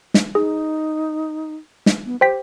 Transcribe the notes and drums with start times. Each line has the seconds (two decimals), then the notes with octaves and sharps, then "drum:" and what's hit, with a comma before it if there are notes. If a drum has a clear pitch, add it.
0.14 drum: snare
0.35 D#4 G#4
1.86 drum: snare
2.05 B3
2.21 G4 C5 G5 B6